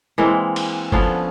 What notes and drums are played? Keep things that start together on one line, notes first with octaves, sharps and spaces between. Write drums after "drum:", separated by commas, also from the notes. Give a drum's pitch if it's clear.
E3 G#3 A#3 C4
drum: cymbal
D3 F3 B3 C#4, drum: kick F#1